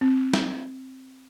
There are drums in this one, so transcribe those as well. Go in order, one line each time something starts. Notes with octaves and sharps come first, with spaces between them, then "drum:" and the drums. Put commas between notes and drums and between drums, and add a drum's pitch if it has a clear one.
C4
drum: snare